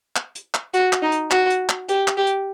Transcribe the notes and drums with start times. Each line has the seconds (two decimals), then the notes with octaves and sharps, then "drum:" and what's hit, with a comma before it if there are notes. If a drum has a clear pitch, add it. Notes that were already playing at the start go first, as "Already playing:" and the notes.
0.16 drum: clap
0.35 drum: hi-hat
0.54 drum: clap
0.74 F#4, drum: hi-hat
0.93 drum: clap
1.02 D#4
1.12 drum: hi-hat
1.31 F#4, drum: clap
1.50 drum: hi-hat
1.69 drum: clap
1.89 G4, drum: hi-hat
2.08 drum: clap
2.17 G4
2.27 drum: hi-hat